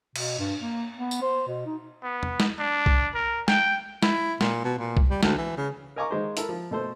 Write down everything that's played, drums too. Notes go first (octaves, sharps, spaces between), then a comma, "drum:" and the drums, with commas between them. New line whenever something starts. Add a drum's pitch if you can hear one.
B2, drum: cymbal
G2
A#3
B3
drum: tambourine
C5
B2
D#4
B3
drum: tom E2
drum: snare
D4
drum: kick B1
A#4
G5, drum: snare
E4, drum: snare
A#2, drum: snare
B2
A#2
drum: kick B1
G3
D2, drum: snare
E3
C#3
A#4 D#5 G#5 A#5 C#6 D6
D#3 G#3 C5
E4 A4 A#4, drum: hi-hat
F3
B2 A3 A4 C5